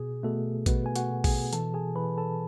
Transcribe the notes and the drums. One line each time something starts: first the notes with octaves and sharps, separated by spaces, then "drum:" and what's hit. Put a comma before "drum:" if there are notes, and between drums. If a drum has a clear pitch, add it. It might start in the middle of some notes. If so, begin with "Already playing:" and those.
Already playing: B2 G#4
B2 A3 A4
B2 B3 B4, drum: kick A#1, hi-hat
G#5
F#4 F#5, drum: hi-hat
B2
G#4 G#5, drum: kick A#1, open hi-hat
E3 A4 A5, drum: hi-hat
G#4 G#5
E3 B4 B5
A4 A5